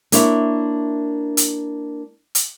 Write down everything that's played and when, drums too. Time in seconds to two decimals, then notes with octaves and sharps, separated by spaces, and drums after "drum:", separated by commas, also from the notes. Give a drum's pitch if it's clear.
0.12 A#3 D4 E4 C#5 E5, drum: hi-hat
1.37 drum: hi-hat
2.35 drum: hi-hat